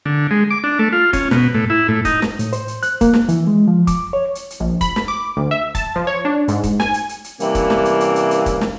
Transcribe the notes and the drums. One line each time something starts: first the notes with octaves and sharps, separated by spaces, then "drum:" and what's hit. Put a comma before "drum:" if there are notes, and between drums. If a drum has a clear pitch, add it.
D3
G#3
D6
D4
A3
F4
C#4, drum: kick, hi-hat
B2, drum: snare
A2
E4
A2
D#4, drum: kick, hi-hat
drum: snare
A2, drum: hi-hat
C5, drum: hi-hat
drum: hi-hat
F#6, drum: hi-hat
A#3, drum: kick, hi-hat
drum: snare
E3, drum: hi-hat
G#3
F3
D6, drum: kick, hi-hat
C#5
drum: hi-hat
drum: hi-hat
A#1
B5, drum: kick, hi-hat
drum: snare
D6
D2
E5
A5, drum: kick, hi-hat
F3
C#5
D4
G#2, drum: hi-hat
drum: kick, hi-hat
G#5, drum: snare
drum: hi-hat
drum: hi-hat
drum: hi-hat
C3 E3 G3 A#3 C#4, drum: hi-hat
drum: kick, hi-hat
drum: snare
drum: hi-hat
drum: hi-hat
drum: hi-hat
drum: hi-hat
drum: kick, hi-hat
drum: snare